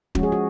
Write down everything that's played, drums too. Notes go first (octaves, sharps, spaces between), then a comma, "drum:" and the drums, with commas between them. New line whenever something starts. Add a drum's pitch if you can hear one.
F3 G#3 C#4 F#4, drum: kick
G#4
F#4